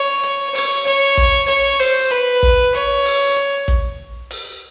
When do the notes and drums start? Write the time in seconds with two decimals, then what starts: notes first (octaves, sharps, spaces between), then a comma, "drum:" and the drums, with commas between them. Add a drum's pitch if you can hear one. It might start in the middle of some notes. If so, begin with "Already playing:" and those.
Already playing: C#5
0.24 drum: hi-hat
0.55 C#5, drum: open hi-hat
0.87 C#5, drum: hi-hat
1.17 drum: kick, hi-hat
1.48 C#5, drum: hi-hat
1.79 C5, drum: open hi-hat
2.11 B4, drum: hi-hat
2.43 drum: kick
2.75 C#5, drum: hi-hat
3.05 drum: open hi-hat
3.37 drum: hi-hat
3.68 drum: kick, hi-hat
4.31 drum: open hi-hat